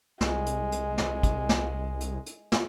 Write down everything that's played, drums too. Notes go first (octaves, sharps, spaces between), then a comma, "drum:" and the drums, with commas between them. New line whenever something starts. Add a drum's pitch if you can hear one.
C2 G#3, drum: snare
drum: hi-hat
drum: hi-hat
drum: snare
drum: kick, hi-hat
drum: snare
drum: hi-hat
drum: hi-hat
drum: snare